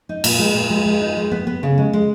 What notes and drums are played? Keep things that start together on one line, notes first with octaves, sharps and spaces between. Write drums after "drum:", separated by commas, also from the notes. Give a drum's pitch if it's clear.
D#4
A#2, drum: cymbal
G#3
A#2
G#3
G#3
D#4
G#3
B3
B3
C#3
G#3
G#3